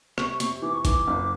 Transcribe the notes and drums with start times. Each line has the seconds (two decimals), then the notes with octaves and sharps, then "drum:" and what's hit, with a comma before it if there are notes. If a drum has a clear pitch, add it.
0.18 C3 C#6, drum: rim click
0.29 C#6
0.40 C3 C#6, drum: hi-hat
0.62 E3 D6
0.73 C#6
0.85 E3 D6, drum: kick, hi-hat
1.08 F#1